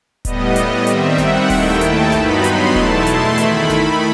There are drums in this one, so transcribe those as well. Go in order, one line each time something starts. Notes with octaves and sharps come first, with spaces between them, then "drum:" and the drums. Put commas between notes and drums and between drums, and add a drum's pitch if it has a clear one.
A2 G3 B3 D#5, drum: kick D#1, hi-hat
D#5, drum: hi-hat
D#3 G3 C4 E5, drum: hi-hat
F#5, drum: snare G#1
D#2 D#3 A3 E4 G5, drum: kick D#1, open hi-hat
A5, drum: hi-hat
G2 F#3 B3 D#4 B5, drum: snare G#1
C6, drum: hi-hat
E2 B2 A3 E4 A5, drum: kick D#1
C6, drum: hi-hat
D#3 A3 E4 B5, drum: hi-hat
B5, drum: snare G#1